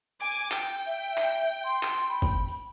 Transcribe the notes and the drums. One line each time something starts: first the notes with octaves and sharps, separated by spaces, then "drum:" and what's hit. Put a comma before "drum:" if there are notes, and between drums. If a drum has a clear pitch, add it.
G#5 D6
drum: tambourine
G5, drum: clap
drum: tambourine
E5
drum: clap
drum: tambourine
C6
drum: clap
drum: tambourine
B5
drum: kick, tambourine
drum: tambourine